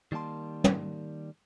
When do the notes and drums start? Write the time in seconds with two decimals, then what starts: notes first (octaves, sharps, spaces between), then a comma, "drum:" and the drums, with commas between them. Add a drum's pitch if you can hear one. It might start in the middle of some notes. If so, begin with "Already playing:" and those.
0.12 D#3 G3 A#3 A5 C6
0.64 drum: tom